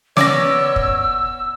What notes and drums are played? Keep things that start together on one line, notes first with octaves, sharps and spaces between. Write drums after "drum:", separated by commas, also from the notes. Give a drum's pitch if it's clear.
B3 C#4 C#5 D5 D6 E6 A#6, drum: snare
drum: kick